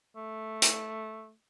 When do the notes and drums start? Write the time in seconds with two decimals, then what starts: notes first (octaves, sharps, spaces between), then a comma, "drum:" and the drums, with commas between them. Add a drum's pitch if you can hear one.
0.16 A3
0.62 drum: hi-hat